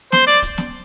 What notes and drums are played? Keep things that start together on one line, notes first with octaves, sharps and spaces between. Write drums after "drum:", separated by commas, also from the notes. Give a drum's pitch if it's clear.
C5, drum: snare
D5, drum: hi-hat
drum: kick, hi-hat
drum: snare